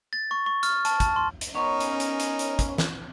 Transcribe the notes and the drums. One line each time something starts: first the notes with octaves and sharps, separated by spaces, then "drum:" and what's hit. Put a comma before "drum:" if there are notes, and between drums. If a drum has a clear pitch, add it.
A6
C#6
C#6
F6, drum: hi-hat
A5, drum: hi-hat
A5, drum: kick, hi-hat
C6
drum: hi-hat
B3 C#4 D#4 A#4 C#5
drum: hi-hat
drum: hi-hat
drum: hi-hat
drum: hi-hat
drum: kick, hi-hat
drum: snare